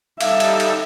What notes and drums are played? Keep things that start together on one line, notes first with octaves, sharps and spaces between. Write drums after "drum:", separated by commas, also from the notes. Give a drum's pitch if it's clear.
G3 D#4 A4 E5 F5, drum: cymbal
drum: cymbal
drum: cymbal